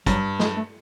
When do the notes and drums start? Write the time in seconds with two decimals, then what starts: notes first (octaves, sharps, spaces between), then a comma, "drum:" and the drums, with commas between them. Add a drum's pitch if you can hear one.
0.06 G2 F#3, drum: kick, hi-hat
0.39 G#3, drum: snare
0.56 A3